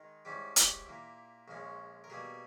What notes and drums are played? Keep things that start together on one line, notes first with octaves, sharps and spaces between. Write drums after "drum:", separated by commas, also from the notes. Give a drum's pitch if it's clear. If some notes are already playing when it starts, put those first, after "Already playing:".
Already playing: D#3 G#3 D#4
G#2 G3 C#4 E4 G4
G4, drum: hi-hat
A#2 A#3 E4
A#1 A#2 G#3 C#4
A#4
B2 G3 A#3 G#4